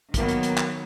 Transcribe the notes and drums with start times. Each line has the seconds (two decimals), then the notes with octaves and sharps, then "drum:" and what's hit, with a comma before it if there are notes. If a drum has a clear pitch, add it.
0.14 D#3 F#3 A#3 B3, drum: kick, hi-hat
0.29 drum: hi-hat
0.43 drum: hi-hat
0.57 drum: clap